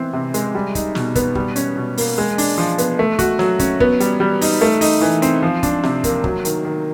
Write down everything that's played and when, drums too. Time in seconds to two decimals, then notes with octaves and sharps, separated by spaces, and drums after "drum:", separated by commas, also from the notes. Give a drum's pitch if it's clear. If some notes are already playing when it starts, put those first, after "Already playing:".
Already playing: E3 B3 C4
0.13 C3
0.34 G#3, drum: hi-hat
0.55 G3
0.75 D#4, drum: kick, hi-hat
0.95 B2, drum: snare
1.15 B3, drum: kick, hi-hat
1.35 G3, drum: kick
1.56 C#4, drum: hi-hat
1.76 B2
1.97 A#3, drum: open hi-hat
2.18 G#3
2.38 D4, drum: open hi-hat
2.58 F3
2.78 B3, drum: hi-hat
2.99 A3
3.19 F#4, drum: kick, hi-hat
3.39 F#3, drum: snare
3.59 C#4, drum: kick, hi-hat
3.80 B3, drum: kick
4.00 G3, drum: hi-hat
4.20 G3
4.41 D#4, drum: open hi-hat
4.61 A3
4.81 D#4, drum: open hi-hat
5.01 E3
5.22 C4, drum: hi-hat
5.42 F3
5.63 D4, drum: kick, hi-hat
5.83 C3, drum: snare
6.04 A#3, drum: kick, hi-hat
6.24 F#3, drum: kick
6.45 D#3, drum: hi-hat
6.65 D#3